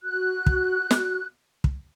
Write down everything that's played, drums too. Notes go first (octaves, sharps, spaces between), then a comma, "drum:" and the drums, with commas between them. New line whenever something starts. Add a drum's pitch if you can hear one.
F#4 F#6
drum: kick
drum: snare
drum: kick